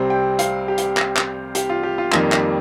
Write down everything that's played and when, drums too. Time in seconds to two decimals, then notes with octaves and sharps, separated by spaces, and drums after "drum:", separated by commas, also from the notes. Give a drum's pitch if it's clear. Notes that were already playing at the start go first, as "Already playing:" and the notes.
Already playing: C2 C3 G3 C4
0.10 G5
0.39 F5, drum: hi-hat
0.68 G4
0.78 drum: hi-hat
0.97 drum: clap
1.16 drum: clap
1.55 G4, drum: hi-hat
1.70 F4
1.83 G4
1.98 F4
2.12 F2 D#3 G3 A#3 G4, drum: clap
2.32 drum: clap